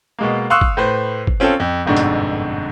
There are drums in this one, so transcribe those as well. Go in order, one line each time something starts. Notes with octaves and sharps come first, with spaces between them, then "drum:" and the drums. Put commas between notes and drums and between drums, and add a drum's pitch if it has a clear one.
B2 G#3 A#3
F5 C6 C#6 D#6 E6 F#6
drum: kick G1
A2 B4 C5
drum: kick G1
C4 C#4 F4 A4 G5
F2
G1 F2 G#2 B2 D3
drum: hi-hat